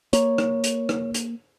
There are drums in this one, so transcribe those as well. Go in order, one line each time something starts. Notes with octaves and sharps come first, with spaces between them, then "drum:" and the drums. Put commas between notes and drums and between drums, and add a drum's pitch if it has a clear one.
A#3 C#5, drum: hi-hat
drum: rim click
drum: hi-hat
drum: rim click
drum: hi-hat